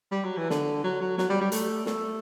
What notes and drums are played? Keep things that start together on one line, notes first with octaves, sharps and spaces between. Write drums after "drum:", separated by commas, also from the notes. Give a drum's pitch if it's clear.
G3
F#3
E3
D3, drum: snare
F#3
F#3
F#3, drum: snare
G3
G3
A3, drum: hi-hat
A3, drum: snare